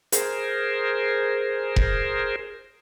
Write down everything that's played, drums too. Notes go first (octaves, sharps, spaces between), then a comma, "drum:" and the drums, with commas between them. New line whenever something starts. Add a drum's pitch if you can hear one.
G#4 A#4 C5, drum: hi-hat
drum: kick F1